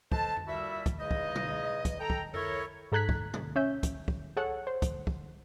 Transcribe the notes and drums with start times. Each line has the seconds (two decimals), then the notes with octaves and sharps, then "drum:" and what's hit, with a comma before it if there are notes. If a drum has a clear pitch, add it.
0.12 A4 B4 C5 D#5 A5, drum: kick
0.36 drum: tom F2
0.47 A#2 G3 E4 F#4 E5
0.86 drum: kick, hi-hat
1.00 E2 C#3 G#3 D#4 D#5
1.11 drum: kick
1.35 drum: tom B2
1.85 drum: kick, hi-hat
2.00 A4 G5 A#5
2.10 drum: kick
2.34 E4 A4 A#4 C#5, drum: tom F2
2.92 G#2 A4 A#5 F#6 G#6 B6
3.09 drum: kick
3.34 drum: tom B2
3.56 C#4 E5 G6
3.83 drum: kick, hi-hat
4.08 drum: kick
4.37 G#4 A4 C#5 F#5
4.67 C5
4.82 drum: kick, hi-hat
5.07 drum: kick